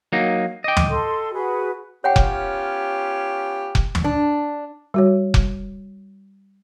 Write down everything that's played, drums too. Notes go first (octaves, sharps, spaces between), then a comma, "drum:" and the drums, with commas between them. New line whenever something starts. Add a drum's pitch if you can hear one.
F#3 A#3 D#4
D#5 G5 D6
drum: tom
A4 C6
F#4 G#4 B4
B3 C#4 F4 G4 C#5 F#5 G5
drum: kick F1
drum: kick F1
drum: tom
D4
G3 F#4 C#5
drum: kick F1